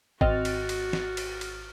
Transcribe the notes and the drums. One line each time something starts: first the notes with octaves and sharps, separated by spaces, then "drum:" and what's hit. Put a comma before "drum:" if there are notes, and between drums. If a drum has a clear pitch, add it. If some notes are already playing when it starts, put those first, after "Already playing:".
G#1 C4 F#4 D#5 F6 A6, drum: kick
drum: cymbal
drum: cymbal
drum: snare
drum: cymbal
drum: cymbal